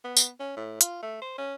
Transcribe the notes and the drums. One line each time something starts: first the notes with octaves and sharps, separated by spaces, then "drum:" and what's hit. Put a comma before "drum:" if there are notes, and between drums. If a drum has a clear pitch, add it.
B3
drum: tambourine
C#4
A2
F4, drum: hi-hat
A3
C5
C#4